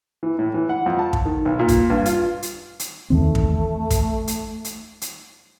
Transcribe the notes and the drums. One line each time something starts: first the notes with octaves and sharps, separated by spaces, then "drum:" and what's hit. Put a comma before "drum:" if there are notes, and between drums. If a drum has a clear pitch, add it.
E3
A2
E3
F#5
F2
A5
drum: kick
D#3
B1
A#2
drum: kick, hi-hat
G2
F4, drum: hi-hat
drum: hi-hat
drum: hi-hat
E2 D#3 A3 C4
drum: kick
drum: kick, hi-hat
drum: hi-hat
drum: hi-hat
drum: hi-hat